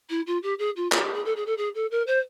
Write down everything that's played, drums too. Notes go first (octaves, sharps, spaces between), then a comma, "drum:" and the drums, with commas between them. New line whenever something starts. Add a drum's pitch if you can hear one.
E4
F4
G4
G#4
F4
F4, drum: clap
F#4
G4
G#4
A4
G#4
A4
G#4
A4
A#4
C5